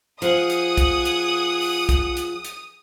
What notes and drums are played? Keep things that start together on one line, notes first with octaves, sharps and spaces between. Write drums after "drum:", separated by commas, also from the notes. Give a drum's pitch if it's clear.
F3 G#4 F#5 D#6, drum: hi-hat
drum: hi-hat
drum: kick, hi-hat
drum: hi-hat
drum: open hi-hat
drum: kick, hi-hat
drum: hi-hat
drum: hi-hat